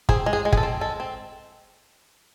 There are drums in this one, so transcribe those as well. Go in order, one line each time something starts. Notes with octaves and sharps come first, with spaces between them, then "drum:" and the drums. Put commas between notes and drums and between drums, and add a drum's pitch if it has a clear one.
C4 G#4, drum: kick
G#3
G#4
G#3
G#4, drum: kick
A4
C4
G#3 A4
C4